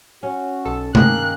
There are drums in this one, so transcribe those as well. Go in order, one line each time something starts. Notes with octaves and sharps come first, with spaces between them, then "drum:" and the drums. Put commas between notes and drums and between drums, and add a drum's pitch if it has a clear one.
C#4 F#4
B1 A4
G2 D#3 A#3 G#4 A#4 F#6, drum: tom C3